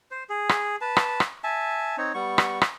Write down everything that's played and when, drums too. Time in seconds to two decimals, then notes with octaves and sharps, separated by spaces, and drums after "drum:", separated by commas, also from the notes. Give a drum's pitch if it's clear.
0.11 C5
0.30 G#4
0.49 drum: rim click
0.81 B4 A5
0.97 drum: rim click
1.20 drum: rim click
1.44 E5 G#5 A5
1.98 C4 D#4 C#5
2.14 G3 B3 C#6
2.38 drum: rim click
2.61 drum: rim click